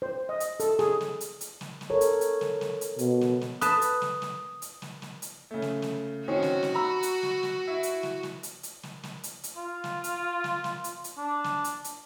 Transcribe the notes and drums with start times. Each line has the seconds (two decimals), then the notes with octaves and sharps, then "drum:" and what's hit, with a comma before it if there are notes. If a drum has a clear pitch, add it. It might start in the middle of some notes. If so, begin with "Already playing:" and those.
0.02 C5
0.29 D#5
0.40 drum: hi-hat
0.60 A4, drum: hi-hat
0.79 G#4, drum: snare
1.01 drum: snare
1.21 drum: hi-hat
1.41 drum: hi-hat
1.61 drum: snare
1.81 drum: snare
1.90 A4 A#4 C#5
2.01 drum: hi-hat
2.21 drum: hi-hat
2.41 drum: snare
2.61 drum: snare
2.81 drum: hi-hat
2.99 B2, drum: hi-hat
3.21 drum: snare
3.41 drum: snare
3.61 B4 A5 D#6, drum: hi-hat
3.82 drum: hi-hat
4.02 drum: snare
4.22 drum: snare
4.62 drum: hi-hat
4.82 drum: snare
5.02 drum: snare
5.22 drum: hi-hat
5.51 C#3 A3
5.62 drum: snare
5.82 drum: snare
6.28 D#3 C4 C#4 F#4
6.42 drum: snare
6.63 drum: snare
6.75 A#5 B5 E6
7.03 drum: hi-hat
7.23 drum: snare
7.43 drum: snare
7.67 E4
7.83 drum: hi-hat
8.03 drum: snare
8.23 drum: snare
8.43 drum: hi-hat
8.63 drum: hi-hat
8.83 drum: snare
9.03 drum: snare
9.23 drum: hi-hat
9.44 drum: hi-hat
9.56 F4
9.84 drum: snare
10.04 drum: hi-hat
10.44 drum: snare
10.64 drum: snare
10.84 drum: hi-hat
11.04 drum: hi-hat
11.17 D4
11.44 drum: snare
11.64 drum: hi-hat
11.84 drum: hi-hat